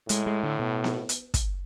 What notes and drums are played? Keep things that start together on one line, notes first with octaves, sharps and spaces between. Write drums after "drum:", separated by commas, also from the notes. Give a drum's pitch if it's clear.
A2 G#3, drum: hi-hat
G#3
D3
B2
drum: snare B3
drum: hi-hat
drum: kick, hi-hat